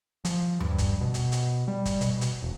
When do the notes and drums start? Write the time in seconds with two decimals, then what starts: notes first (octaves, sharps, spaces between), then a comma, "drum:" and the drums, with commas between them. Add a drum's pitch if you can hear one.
0.25 F3, drum: hi-hat
0.60 G2, drum: tom D#2
0.78 drum: kick, hi-hat
1.01 B2
1.14 drum: hi-hat
1.32 drum: hi-hat
1.68 G3
1.85 drum: kick, hi-hat
2.01 B2, drum: hi-hat
2.21 drum: hi-hat
2.42 E1